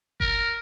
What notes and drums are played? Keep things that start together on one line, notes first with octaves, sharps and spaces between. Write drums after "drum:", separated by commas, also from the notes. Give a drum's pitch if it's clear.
A#4, drum: kick G1